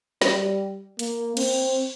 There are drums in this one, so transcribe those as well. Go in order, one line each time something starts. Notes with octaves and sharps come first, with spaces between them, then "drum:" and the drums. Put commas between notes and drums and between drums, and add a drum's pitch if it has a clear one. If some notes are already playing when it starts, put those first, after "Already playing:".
G3, drum: snare
A#3, drum: hi-hat
C4, drum: cymbal